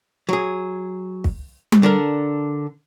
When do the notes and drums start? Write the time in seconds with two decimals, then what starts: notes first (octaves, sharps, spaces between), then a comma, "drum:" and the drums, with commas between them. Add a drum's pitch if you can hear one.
0.29 F#3 G#4
1.24 drum: kick
1.72 drum: tom G3
1.83 D3 D4 A#4